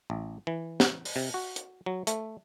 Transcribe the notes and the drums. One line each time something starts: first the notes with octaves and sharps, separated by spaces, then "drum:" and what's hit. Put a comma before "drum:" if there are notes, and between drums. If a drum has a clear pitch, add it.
A1
E3
drum: snare
drum: open hi-hat
C3
F#4
drum: hi-hat
F#3
A3, drum: hi-hat